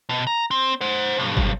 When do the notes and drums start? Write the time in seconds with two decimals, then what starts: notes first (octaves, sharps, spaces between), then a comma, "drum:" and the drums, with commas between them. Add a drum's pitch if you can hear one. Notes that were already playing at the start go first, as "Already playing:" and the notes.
0.09 B2
0.27 A#5
0.51 C4
0.81 C5 F#5
1.18 B1 G2
1.37 drum: kick